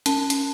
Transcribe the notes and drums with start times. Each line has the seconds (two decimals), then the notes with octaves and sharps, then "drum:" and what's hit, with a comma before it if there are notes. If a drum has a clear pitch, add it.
0.06 C#4 A5, drum: hi-hat
0.30 drum: hi-hat